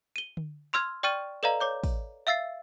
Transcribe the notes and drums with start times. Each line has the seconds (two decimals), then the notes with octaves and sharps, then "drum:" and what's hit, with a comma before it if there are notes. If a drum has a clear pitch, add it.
0.16 D#7 G7
0.37 drum: tom D3
0.74 C6 E6 F6 G#6, drum: clap
1.03 D5 G5 C#6 F6 A6 D#7
1.43 A4 B4 D5 D#5 F5 A#5
1.60 C#5 D6 G6
1.84 drum: kick, open hi-hat
2.27 E5 F5 E6 A6 C7